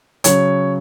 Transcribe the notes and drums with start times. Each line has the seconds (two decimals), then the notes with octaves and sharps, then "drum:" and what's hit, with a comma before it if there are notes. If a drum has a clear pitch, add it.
0.24 C#3 F#3 C#5, drum: hi-hat